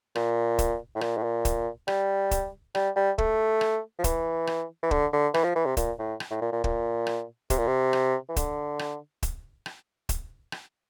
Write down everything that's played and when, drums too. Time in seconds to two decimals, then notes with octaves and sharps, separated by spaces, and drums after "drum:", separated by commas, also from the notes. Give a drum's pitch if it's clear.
0.15 A#2, drum: rim click
0.59 drum: kick, hi-hat
0.95 A2
1.01 A#2, drum: rim click
1.17 A2
1.23 A#2
1.45 drum: kick, hi-hat
1.88 G3, drum: rim click
2.31 drum: kick, hi-hat
2.75 G3, drum: rim click
2.96 G3
3.18 A3, drum: kick
3.61 drum: rim click
3.98 F3
4.04 E3, drum: kick, hi-hat
4.47 drum: rim click
4.83 E3
4.91 D3, drum: kick
5.13 D3
5.34 E3, drum: rim click
5.44 F3
5.55 E3
5.66 C3
5.77 A#2, drum: kick, hi-hat
5.99 A2
6.20 drum: rim click
6.31 A2
6.41 A#2
6.52 A#2
6.64 A#2, drum: kick
7.07 drum: rim click
7.50 C3, drum: kick, hi-hat
7.58 A#2
7.67 C3
7.93 drum: rim click
8.29 E3
8.36 D3, drum: kick, hi-hat
8.79 drum: rim click
9.23 drum: kick, hi-hat
9.66 drum: rim click
10.09 drum: kick, hi-hat
10.52 drum: rim click